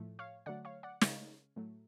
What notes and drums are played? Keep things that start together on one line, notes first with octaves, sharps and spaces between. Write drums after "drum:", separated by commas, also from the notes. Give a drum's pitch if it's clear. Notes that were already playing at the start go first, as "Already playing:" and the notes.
Already playing: A2 F3 A3
C#5 F5
D3 F#3 A3 D5 F#5
C#5 F5
D5 F#5
C#3 G#3 C#5 F5, drum: snare
A2 F#3 A3